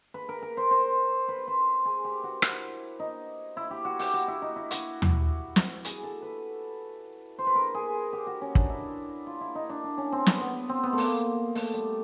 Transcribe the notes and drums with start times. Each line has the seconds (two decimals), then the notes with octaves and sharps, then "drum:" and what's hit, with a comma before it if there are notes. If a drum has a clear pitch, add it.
0.14 B4
0.29 A#4
0.42 A#4
0.57 C5
0.71 C5
1.28 B4
1.47 C5
1.85 G#4
2.04 G4
2.24 F#4
2.42 E4, drum: rim click
3.00 D#4
3.57 E4
3.71 G4
3.85 F#4
3.99 G4, drum: open hi-hat
4.14 F#4
4.28 E4
4.42 D#4
4.56 E4
4.71 F#4, drum: hi-hat
5.02 drum: tom D#2
5.56 drum: snare
5.85 G#4, drum: hi-hat
6.03 A4
6.22 B4
7.39 C5
7.47 B4
7.56 A#4
7.75 G#4
8.13 G4
8.27 F#4
8.41 C#4
8.55 D4, drum: kick
8.70 E4
9.27 F4
9.41 E4
9.55 D#4
9.70 D4
9.84 D4
9.98 C#4
10.12 C4
10.26 B3, drum: snare
10.41 B3
10.69 C4
10.83 B3
10.93 A3
10.98 A#3, drum: open hi-hat
11.55 A3, drum: open hi-hat
11.74 G3